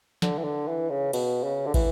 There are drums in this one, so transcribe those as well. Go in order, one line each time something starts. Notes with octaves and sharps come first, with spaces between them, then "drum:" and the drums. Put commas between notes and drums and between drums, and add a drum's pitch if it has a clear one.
D3, drum: snare
E3
D3
E3
C#3
B2, drum: cymbal
C#3
D3
E3, drum: kick, cymbal